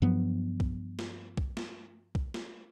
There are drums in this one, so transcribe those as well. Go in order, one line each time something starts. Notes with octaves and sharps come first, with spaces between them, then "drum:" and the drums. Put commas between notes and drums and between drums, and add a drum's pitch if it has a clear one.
G2 F3 F#3 B3
drum: kick
drum: snare
drum: kick
drum: snare
drum: kick
drum: snare